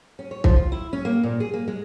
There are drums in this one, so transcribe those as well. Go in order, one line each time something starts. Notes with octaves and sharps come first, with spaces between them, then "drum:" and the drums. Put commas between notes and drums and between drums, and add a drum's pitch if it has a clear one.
C#4
C#5
F3, drum: kick
F4
E4
C#4
A#3
A#2
G#4
A#3
G#3